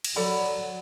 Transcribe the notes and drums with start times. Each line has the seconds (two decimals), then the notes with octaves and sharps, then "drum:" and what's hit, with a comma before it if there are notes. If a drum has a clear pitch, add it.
0.04 drum: cymbal
0.16 F#3 A4 D5 B5